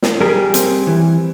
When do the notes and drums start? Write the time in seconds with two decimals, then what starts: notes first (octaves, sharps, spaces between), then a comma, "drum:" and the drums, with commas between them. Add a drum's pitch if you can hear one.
0.02 drum: snare
0.21 G3 G#4 A#4
0.54 C4, drum: hi-hat
0.87 E3